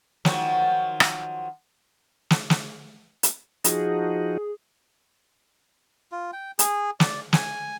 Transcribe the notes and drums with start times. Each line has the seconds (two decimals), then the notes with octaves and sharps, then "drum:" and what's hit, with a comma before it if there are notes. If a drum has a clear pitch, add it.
0.25 D#3 F3 F#3, drum: snare
1.00 drum: rim click
2.30 drum: snare
2.50 drum: snare
3.23 drum: hi-hat
3.64 F3 D#4 F#4 G#4, drum: hi-hat
6.12 F4
6.33 G5
6.59 G#4, drum: hi-hat
7.00 D5, drum: snare
7.33 G#5, drum: snare